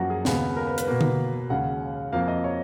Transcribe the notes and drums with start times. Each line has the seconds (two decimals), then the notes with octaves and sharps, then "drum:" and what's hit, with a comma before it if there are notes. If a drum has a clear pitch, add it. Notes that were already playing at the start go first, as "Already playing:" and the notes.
Already playing: F#2 F3 A#3 F#4
0.10 G#4
0.25 D#2 C#3 G#3 B3, drum: snare
0.56 A#4
0.67 B4
0.78 B4, drum: hi-hat
0.88 B2 A#3
1.01 drum: tom D3
1.50 D#2 C#3 G#3 F#5
2.13 F2 F3 A#3 F5
2.28 D#5
2.44 C#5